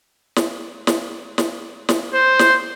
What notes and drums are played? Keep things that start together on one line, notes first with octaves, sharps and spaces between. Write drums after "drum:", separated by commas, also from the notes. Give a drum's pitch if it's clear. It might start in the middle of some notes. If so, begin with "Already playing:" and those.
drum: snare
drum: snare
drum: snare
drum: snare
C5
drum: snare